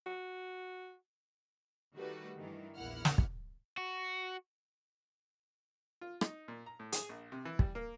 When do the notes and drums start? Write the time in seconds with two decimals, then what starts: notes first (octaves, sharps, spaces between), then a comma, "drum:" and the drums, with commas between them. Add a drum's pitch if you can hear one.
0.06 F#4
1.95 D#3 G3 A3 F#4 B4
2.38 G2 D#3 E3
2.77 A#1 E2 A#3 E4 F#5 F6
3.05 drum: snare
3.18 drum: kick
3.78 F#4
6.01 F4
6.21 D#4, drum: rim click
6.48 A#2
6.66 A#5
6.80 A2
6.92 G#4, drum: hi-hat
7.09 A#1
7.32 C3
7.45 E3
7.59 G3, drum: kick
7.75 A#3